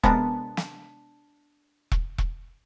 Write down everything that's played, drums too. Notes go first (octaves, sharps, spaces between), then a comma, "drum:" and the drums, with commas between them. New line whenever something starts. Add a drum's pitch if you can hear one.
C3 G#3 B3 D4 A#4 A5, drum: kick E1
drum: snare
drum: kick E1
drum: kick E1